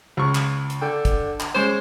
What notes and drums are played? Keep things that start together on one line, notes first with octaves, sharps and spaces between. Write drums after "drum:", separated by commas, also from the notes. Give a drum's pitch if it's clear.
C#2 C#6
drum: clap
drum: hi-hat
D3 G5
drum: kick, hi-hat
drum: clap
G#3 C#4 C5